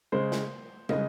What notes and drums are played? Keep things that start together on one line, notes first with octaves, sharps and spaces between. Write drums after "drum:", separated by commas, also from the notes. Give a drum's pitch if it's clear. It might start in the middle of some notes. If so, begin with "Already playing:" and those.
C#3 G#3 C5
drum: snare
C#3 G#3 D#5, drum: tom